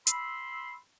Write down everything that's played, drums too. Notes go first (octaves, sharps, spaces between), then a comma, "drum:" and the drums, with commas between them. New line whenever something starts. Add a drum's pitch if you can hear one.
B5 C6 E6, drum: hi-hat